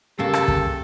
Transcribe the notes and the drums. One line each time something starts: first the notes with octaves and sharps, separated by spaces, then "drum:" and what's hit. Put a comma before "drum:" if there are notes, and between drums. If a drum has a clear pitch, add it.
G2 C#3 A#3 G4 A4
drum: rim click
drum: kick